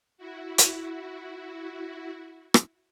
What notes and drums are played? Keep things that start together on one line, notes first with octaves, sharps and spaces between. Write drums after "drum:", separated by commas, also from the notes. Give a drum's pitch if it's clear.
E4 F#4
drum: hi-hat
drum: rim click